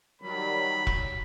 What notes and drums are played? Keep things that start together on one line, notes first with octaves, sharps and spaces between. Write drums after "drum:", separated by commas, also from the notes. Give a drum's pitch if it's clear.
D#3 F#3 G3 B5
drum: kick E1